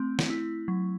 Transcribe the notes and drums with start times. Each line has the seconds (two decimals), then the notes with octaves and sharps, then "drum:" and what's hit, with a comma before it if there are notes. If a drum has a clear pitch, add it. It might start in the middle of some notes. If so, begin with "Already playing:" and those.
Already playing: A3 C4
0.19 drum: snare
0.30 E4
0.68 F#3